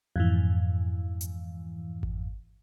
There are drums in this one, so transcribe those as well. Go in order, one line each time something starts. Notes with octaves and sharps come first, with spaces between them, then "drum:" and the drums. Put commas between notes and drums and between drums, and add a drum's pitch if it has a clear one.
F2 G#2 E3
drum: hi-hat
drum: kick G#1